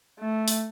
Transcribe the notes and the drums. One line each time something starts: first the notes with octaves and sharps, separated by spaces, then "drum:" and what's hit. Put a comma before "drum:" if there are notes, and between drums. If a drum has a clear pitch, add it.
A3
drum: open hi-hat